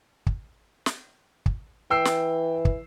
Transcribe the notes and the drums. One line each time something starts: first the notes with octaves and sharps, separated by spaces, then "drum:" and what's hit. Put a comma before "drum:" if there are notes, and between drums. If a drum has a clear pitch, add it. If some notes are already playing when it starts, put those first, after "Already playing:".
drum: kick
drum: snare
drum: kick
E3 G5 E6 C7
drum: snare
drum: kick